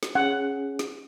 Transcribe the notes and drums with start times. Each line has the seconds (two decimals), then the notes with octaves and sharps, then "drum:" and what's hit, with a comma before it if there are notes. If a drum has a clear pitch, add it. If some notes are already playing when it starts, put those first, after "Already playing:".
0.03 drum: snare
0.15 C#4 G#4 F#5
0.79 drum: snare